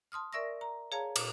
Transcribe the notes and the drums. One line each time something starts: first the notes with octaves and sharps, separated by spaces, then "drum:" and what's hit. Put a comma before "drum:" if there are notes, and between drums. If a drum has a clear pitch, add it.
A5 C6 D#6 F6
A#4 D5 E5 C#6 E6 A#6
A#5
G#4 C#5 F5 A5 A#5 G#6
A#2, drum: cymbal